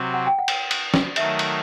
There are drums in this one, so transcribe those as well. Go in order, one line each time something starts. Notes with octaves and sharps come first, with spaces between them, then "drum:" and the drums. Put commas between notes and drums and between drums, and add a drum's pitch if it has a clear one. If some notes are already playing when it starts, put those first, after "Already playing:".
Already playing: C3 F#3 C4
F#5
G5
F#5
drum: cymbal
drum: cymbal
drum: snare
D#3 F#3 A3 E5, drum: cymbal
drum: cymbal